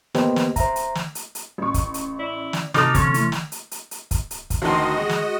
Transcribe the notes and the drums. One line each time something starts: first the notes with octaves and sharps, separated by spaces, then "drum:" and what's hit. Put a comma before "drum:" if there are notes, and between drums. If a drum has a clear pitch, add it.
A#3 B3 G4 B4 C5 D#5, drum: snare
drum: snare
C5 E5 A#5, drum: kick, hi-hat
drum: hi-hat
drum: snare
drum: hi-hat
drum: hi-hat
A1 C#6
drum: kick, hi-hat
drum: hi-hat
E4 D5
drum: snare
C3 D#4 F#4 A4 D6 F6 A6, drum: snare
D3 E3 C4 C#4 C6 C#6 G#6, drum: kick, hi-hat
E3 A3 E4, drum: hi-hat
drum: snare
drum: hi-hat
drum: hi-hat
drum: hi-hat
drum: kick, hi-hat
drum: hi-hat
drum: kick, hi-hat
D2 D#3 F#4 D#5 C6
G#3
drum: snare